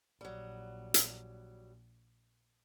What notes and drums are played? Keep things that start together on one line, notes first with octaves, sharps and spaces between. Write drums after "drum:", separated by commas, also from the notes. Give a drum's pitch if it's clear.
A#1 F#3 G3
drum: hi-hat